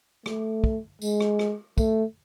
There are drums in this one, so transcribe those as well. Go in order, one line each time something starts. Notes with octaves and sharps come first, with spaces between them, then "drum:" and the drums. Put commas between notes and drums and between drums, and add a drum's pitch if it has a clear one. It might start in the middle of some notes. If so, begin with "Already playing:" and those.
A3, drum: rim click
drum: kick
G#3, drum: tambourine
drum: rim click
drum: rim click
A3, drum: kick, tambourine